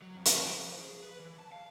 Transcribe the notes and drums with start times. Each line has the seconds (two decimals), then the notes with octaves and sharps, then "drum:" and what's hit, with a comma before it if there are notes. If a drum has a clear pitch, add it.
0.02 F#3
0.15 F2
0.25 drum: hi-hat
0.47 F3
0.80 G#4
1.04 B4
1.20 E3
1.40 A5
1.52 F5